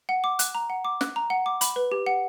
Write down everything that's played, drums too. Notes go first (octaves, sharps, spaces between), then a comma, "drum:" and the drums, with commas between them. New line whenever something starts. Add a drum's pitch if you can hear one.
F#5
D6
F#6, drum: hi-hat
A#5
F#5
D6
F#6, drum: snare
A#5
F#5
D6
B5, drum: hi-hat
B4
G4
F#5